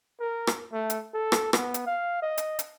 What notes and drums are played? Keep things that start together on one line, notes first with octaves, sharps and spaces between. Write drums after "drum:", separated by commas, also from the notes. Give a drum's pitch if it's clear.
A#4
drum: rim click
A3
drum: hi-hat
A4
drum: rim click
B3, drum: rim click
drum: hi-hat
F5
D#5
drum: hi-hat
drum: hi-hat